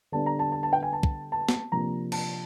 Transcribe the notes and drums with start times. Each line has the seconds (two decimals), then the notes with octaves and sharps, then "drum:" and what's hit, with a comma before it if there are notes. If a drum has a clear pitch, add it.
0.12 D3 G3 B3 D4 A5
0.26 A#5
0.39 A5
0.52 A5
0.63 A5
0.73 G5
0.83 G#5
0.93 A5
1.03 drum: kick
1.32 A5
1.49 drum: snare
1.72 C3 F3 A#3 D4 A#5
2.12 A5, drum: cymbal